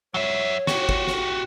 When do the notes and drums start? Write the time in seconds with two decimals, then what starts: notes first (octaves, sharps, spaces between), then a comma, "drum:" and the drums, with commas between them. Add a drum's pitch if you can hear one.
0.14 F#3 C#5 E5
0.67 F#4 G4, drum: snare
0.89 drum: kick
1.07 drum: snare